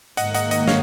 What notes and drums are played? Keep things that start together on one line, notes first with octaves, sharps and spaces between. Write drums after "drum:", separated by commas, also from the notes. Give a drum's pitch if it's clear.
G#2 D#3 A#3 D#5 F#5, drum: hi-hat
D#5 F#5, drum: hi-hat
D#5, drum: hi-hat
C#5 F5, drum: snare